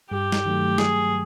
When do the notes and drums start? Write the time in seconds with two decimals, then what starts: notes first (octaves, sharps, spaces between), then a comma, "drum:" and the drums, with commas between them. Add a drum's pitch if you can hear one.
0.11 G2 G4
0.32 drum: snare
0.45 D#3 F#3 A3
0.78 G2 G#4, drum: snare